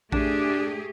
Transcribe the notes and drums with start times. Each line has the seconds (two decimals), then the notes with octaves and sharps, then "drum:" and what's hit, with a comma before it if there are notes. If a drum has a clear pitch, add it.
0.12 A3 D4 G4 G#4, drum: kick A#1